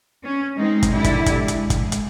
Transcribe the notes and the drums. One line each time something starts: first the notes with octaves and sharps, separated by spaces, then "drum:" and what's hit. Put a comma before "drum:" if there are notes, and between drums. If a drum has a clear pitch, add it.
C#4
G#3 C4 D#4
drum: kick, hi-hat
D3 G#3 D4 E4 G4
drum: kick, hi-hat
drum: kick, hi-hat
G#3
drum: hi-hat
G#3, drum: kick, hi-hat
drum: hi-hat